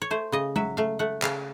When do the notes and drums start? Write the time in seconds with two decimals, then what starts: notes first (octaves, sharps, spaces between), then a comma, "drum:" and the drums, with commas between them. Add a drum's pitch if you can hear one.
0.02 C#5
0.11 A3 C5
0.32 C#3 D#5
0.56 F#3 E5, drum: tom G#3
0.77 A3 F5
0.99 A3 F#5
1.22 C#3 F5, drum: clap